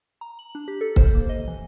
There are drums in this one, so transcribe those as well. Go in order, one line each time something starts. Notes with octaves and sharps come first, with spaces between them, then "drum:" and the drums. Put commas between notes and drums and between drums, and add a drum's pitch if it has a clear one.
A#5
F#7
D4
G4
A4
C5, drum: kick C#1
A#3
D#5
E3